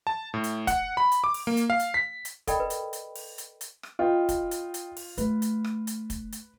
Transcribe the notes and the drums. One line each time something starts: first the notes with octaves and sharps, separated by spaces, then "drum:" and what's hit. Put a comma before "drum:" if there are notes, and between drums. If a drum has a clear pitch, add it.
A5
A2
drum: hi-hat
F#5, drum: kick, hi-hat
B5
drum: hi-hat
D6
drum: open hi-hat
A#3
drum: hi-hat
F5
drum: hi-hat
B6
drum: hi-hat
A4 A#4 D5 D#5 G5 B5, drum: kick, hi-hat
B4
drum: hi-hat
drum: hi-hat
drum: open hi-hat
drum: hi-hat
drum: hi-hat
drum: rim click
F4 B4 D#5 G5
drum: kick, hi-hat
drum: hi-hat
drum: hi-hat
drum: open hi-hat
A3 B4, drum: hi-hat
drum: hi-hat
drum: rim click
drum: hi-hat
drum: kick, hi-hat
drum: hi-hat